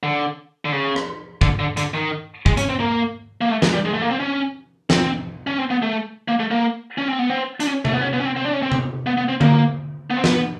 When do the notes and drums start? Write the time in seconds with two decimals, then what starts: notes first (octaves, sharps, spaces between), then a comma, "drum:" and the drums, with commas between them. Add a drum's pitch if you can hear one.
0.03 D3
0.65 D3
0.72 C#3
0.96 drum: rim click
1.41 D3, drum: kick
1.59 D3
1.77 D3, drum: hi-hat
1.94 D#3
2.46 G#3, drum: kick
2.57 C#4, drum: hi-hat
2.69 C4
2.80 A#3
3.41 A#3
3.51 A3
3.62 G#3, drum: snare
3.73 G3
3.85 G#3
3.94 A3
4.02 A#3
4.11 C4
4.20 C#4
4.90 C4, drum: snare
5.47 C#4
5.58 C4
5.70 B3
5.82 A3
6.28 A#3
6.40 A3
6.51 A#3
6.98 C#4
7.08 C4
7.19 B3
7.30 C4
7.60 D4, drum: hi-hat
7.67 C#4
7.85 A3, drum: tom C3
7.93 B3
8.01 C#4
8.13 B3
8.20 C#4
8.25 C4
8.36 C4
8.45 D4
8.53 C#4
8.62 C4
8.72 drum: tom C3
9.06 B3
9.17 B3
9.29 C4
9.41 A#3, drum: tom D3
10.10 B3
10.17 C4
10.24 B3, drum: snare